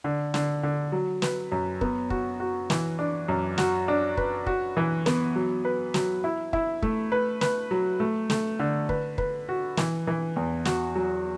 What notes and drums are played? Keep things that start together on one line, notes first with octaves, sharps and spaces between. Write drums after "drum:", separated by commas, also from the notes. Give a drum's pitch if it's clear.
D3
D3, drum: snare
D3
F#3
B4, drum: snare
F#2
B3, drum: kick
F#4, drum: kick
F#4
E3, drum: snare
D4
F#2
F#4, drum: snare
D4
B4, drum: kick
F#4, drum: kick
E3
B3, drum: snare
F#3
B4
F#3, drum: snare
E4
E4, drum: kick
A3, drum: kick
B4
B4, drum: snare
F#3
A3
A3, drum: snare
D3
B4, drum: kick
B4, drum: kick
F#4
E3, drum: snare
E3
E2
F#4, drum: snare
F#3